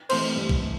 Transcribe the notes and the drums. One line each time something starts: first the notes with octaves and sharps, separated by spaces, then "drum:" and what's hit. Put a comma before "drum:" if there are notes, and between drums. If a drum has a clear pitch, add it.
E3 A3 C4 C5, drum: cymbal
G2
drum: kick
E3